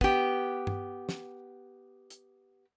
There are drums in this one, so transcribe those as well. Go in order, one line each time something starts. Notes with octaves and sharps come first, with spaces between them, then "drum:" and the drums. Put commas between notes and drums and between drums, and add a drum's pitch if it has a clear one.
B3 G4, drum: kick
drum: tom
drum: snare
drum: hi-hat